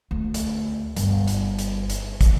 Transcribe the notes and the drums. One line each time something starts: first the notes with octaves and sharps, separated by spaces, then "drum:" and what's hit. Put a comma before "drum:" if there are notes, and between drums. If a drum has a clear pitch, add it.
D2
drum: hi-hat
G1, drum: hi-hat
drum: hi-hat
drum: hi-hat
drum: hi-hat
drum: kick, hi-hat